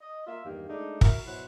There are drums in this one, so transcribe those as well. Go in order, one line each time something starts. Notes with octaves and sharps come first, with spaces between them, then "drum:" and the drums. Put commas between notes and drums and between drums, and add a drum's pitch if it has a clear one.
D#5
A#3 F4 E5
E2 G2 D#3 A#3 G4
G#3 A3 D4 D#4
E4 F#4 A#4, drum: kick
B2 F#3 E4 C5 F#5